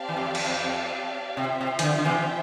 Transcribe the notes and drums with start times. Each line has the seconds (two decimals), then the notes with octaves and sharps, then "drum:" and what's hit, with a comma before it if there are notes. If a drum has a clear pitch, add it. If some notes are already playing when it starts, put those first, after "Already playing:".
Already playing: C4 G4 D5 F5 A5
0.09 E3
0.17 F2
0.35 drum: cymbal
0.46 F2
1.37 C3 F4 C5 E5 G5
1.61 C3
1.79 E3, drum: hi-hat
1.83 D3
1.98 D3
2.05 C3 E3